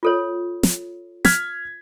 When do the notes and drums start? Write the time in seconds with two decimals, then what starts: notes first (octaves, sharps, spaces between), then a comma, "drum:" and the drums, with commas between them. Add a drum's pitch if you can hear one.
0.03 F4 A4 C#5
0.63 drum: snare
1.25 F6 G#6 B6, drum: snare